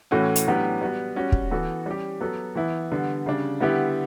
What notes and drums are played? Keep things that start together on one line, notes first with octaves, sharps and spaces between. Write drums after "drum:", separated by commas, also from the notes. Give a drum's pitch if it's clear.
A2 E3 A3 C#4 F#4
drum: hi-hat
A2 F#3 B3 D4 G4
G3 B3 F#4
G3 C#4 F#4
drum: kick
E3 B3 F#4 A4
G3 C#4 G4
F#3 B3 F#4 A4
E3 B3 E4
D3 G3 B3
C#3 G3 D4
D3 G3 B3 E4 G4